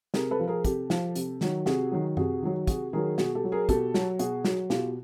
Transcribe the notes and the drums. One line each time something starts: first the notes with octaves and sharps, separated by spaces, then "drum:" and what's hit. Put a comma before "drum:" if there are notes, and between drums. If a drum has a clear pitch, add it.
C3 G#4 A#4, drum: snare
A4 B4
F3
G#4 A#4
C3 G4 A4, drum: kick, hi-hat
F3, drum: snare
C3, drum: hi-hat
D#3 F#3, drum: snare
C3 F#4 G#4, drum: snare
D#3 F#3
C3 F#4 G#4, drum: tom F#2
D#3 F#3
C3 F#4 G#4, drum: kick, hi-hat
D#3 F#3 G#4 A#4
B2 F#4 G#4, drum: snare
G4 A4
F#3
G#4 A#4
B2 G4 A4, drum: kick, hi-hat
F#3, drum: snare
B2 F#4 G#4, drum: hi-hat
F#3, drum: snare
B2 F4 G4, drum: snare